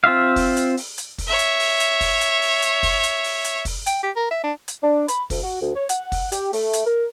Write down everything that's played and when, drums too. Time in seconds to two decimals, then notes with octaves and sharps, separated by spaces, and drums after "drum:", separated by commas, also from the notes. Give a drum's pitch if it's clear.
0.04 C4 F4 E5 F5
0.36 drum: kick, open hi-hat
0.57 drum: hi-hat
0.77 drum: open hi-hat
0.98 drum: hi-hat
1.18 drum: kick, open hi-hat
1.27 C#5 E5
1.39 drum: hi-hat
1.60 drum: open hi-hat
1.80 drum: hi-hat
2.01 drum: kick, open hi-hat
2.21 drum: hi-hat
2.42 drum: open hi-hat
2.62 drum: hi-hat
2.83 drum: kick, open hi-hat
3.03 drum: hi-hat
3.24 drum: open hi-hat
3.45 drum: hi-hat
3.65 drum: kick, open hi-hat
3.86 G5, drum: hi-hat
4.03 G4
4.16 A#4
4.31 E5
4.44 D4
4.68 drum: hi-hat
4.82 D4
5.08 B5, drum: hi-hat
5.30 D2, drum: kick, open hi-hat
5.43 F#4
5.61 D2
5.75 C#5
5.89 F#5, drum: hi-hat
6.12 drum: kick, open hi-hat
6.32 G4, drum: hi-hat
6.53 A3, drum: open hi-hat
6.73 drum: hi-hat
6.85 A#4